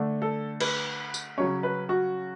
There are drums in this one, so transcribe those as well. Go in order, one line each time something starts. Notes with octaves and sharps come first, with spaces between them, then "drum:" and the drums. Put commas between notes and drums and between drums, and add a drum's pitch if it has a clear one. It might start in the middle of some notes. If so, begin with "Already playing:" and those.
Already playing: D3 A3 D4
A4
B4, drum: cymbal
drum: tambourine
C#3 F#3 C#4 C#5
B4
F#4